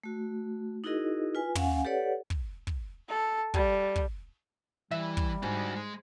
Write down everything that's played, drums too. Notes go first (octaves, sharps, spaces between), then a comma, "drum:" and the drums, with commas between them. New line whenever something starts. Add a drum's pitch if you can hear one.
A3 F#4
D#4 E4 F#4 G#4 A#4 D#5
F4 B4 G#5
C#4 F5 F#5 G#5, drum: tom
G4 A4 B4 C#5 D5 F#5
drum: kick
drum: kick
A4
G3, drum: kick
drum: kick
E3 G3 E5
drum: kick
G#2 D4 F#4
G#3